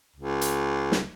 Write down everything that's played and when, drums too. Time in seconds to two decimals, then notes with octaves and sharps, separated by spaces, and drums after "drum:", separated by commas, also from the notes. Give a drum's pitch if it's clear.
0.16 C#2
0.41 drum: hi-hat
0.92 drum: snare